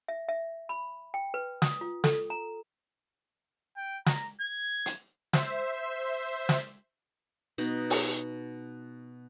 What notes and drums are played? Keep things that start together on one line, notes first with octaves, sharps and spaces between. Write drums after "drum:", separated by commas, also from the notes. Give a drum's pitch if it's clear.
E5
E5
B5
G5
B4
D#6, drum: snare
F4
A4, drum: snare
A#5
G5
A#5, drum: snare
G#6
drum: hi-hat
C5 E5, drum: snare
drum: snare
B2 D#4
drum: open hi-hat